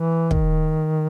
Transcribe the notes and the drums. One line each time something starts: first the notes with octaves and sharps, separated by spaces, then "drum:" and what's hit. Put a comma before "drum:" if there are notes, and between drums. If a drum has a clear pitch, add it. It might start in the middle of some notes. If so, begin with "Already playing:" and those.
Already playing: E3
D#3, drum: kick